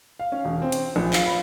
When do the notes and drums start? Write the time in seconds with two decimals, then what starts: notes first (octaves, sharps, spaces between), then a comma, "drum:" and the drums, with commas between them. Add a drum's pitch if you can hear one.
0.20 F5
0.32 C#4
0.45 E1
0.62 C4
0.72 drum: hi-hat
0.96 A#1
1.13 F5, drum: clap
1.26 B5